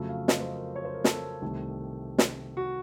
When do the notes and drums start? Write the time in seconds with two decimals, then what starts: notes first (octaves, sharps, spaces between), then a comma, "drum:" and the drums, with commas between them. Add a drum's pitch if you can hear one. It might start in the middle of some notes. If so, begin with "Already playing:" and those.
Already playing: F2 C#3 F#3 A3
0.09 F5
0.28 D#5, drum: snare
0.40 C5
0.54 A#4
0.76 C#5
0.85 C5
0.94 A#4
1.04 A4, drum: snare
1.42 C2 C3 D#3 A3
2.18 drum: snare
2.57 F#4